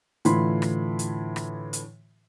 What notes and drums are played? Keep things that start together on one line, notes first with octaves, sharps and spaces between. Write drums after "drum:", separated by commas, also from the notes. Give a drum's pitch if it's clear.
A2 D3 E3 F4 B5 C6, drum: hi-hat
drum: rim click
drum: hi-hat
drum: rim click
drum: hi-hat